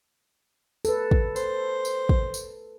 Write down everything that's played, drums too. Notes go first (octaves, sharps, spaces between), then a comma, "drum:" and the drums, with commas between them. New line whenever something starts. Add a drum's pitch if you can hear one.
A4 B4, drum: tambourine
drum: kick
C5, drum: tambourine
drum: tambourine
drum: kick
drum: tambourine